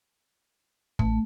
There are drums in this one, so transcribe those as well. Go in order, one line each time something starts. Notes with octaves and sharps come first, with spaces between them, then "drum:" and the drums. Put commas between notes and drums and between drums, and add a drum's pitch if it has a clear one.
A1 A3, drum: kick